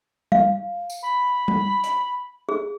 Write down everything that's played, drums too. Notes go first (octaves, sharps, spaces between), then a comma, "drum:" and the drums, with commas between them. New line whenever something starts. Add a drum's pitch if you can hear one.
F5, drum: tom
drum: tambourine
B5
drum: tom
drum: hi-hat
G#4